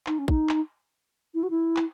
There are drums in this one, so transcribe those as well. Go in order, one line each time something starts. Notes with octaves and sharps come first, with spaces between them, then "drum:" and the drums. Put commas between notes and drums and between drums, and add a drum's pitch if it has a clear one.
D#4, drum: clap
C#4
D#4, drum: kick
drum: clap
E4
F#4
E4
drum: clap